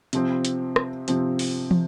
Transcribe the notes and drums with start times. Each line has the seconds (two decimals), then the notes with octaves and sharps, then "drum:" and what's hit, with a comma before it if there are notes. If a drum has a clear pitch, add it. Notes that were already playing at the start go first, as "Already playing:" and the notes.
0.13 C3 F3 C4, drum: hi-hat
0.45 drum: hi-hat
0.76 drum: rim click
1.08 C3 F3 C4, drum: hi-hat
1.39 drum: open hi-hat
1.71 drum: tom